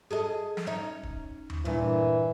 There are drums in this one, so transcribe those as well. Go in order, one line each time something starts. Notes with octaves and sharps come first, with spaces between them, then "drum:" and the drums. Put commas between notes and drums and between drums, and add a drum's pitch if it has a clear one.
G#4 A4 D#5
drum: snare
C#4 D#4
drum: kick
drum: tom D#2
G2 A#2 E3